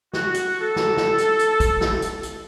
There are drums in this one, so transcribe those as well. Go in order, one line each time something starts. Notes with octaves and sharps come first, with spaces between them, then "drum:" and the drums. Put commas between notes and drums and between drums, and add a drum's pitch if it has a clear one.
F#4, drum: snare
drum: hi-hat
A4
drum: snare
drum: snare
drum: hi-hat
drum: hi-hat
drum: kick, hi-hat
drum: snare
drum: hi-hat
drum: hi-hat